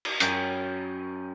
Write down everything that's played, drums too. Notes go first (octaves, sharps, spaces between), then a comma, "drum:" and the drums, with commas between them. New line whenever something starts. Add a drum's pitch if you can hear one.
drum: cymbal
F#2 G5, drum: hi-hat